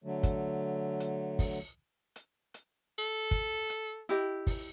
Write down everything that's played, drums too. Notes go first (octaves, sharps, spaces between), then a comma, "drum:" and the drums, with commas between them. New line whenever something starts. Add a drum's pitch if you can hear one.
D3 F#3 A3
drum: kick, hi-hat
drum: hi-hat
drum: kick, open hi-hat
drum: hi-hat
drum: hi-hat
A4
drum: kick, hi-hat
drum: hi-hat
E4 G4 D#5, drum: hi-hat
drum: kick, open hi-hat